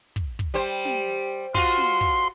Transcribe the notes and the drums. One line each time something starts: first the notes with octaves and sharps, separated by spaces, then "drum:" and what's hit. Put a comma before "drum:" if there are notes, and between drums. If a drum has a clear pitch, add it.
drum: kick, hi-hat
drum: kick, hi-hat
G3 C5
drum: snare
drum: hi-hat
F4 F#4 C6, drum: kick, hi-hat
drum: snare
drum: kick, hi-hat